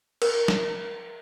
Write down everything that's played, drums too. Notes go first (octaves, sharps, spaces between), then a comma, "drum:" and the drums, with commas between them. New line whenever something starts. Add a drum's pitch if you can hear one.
A#4, drum: cymbal
drum: snare